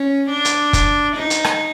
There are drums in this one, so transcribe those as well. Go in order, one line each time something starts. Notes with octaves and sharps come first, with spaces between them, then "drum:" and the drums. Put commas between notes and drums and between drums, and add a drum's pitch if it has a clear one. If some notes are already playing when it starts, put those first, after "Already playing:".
Already playing: C#4
D4
drum: hi-hat
drum: kick, hi-hat
D#4
drum: hi-hat
drum: rim click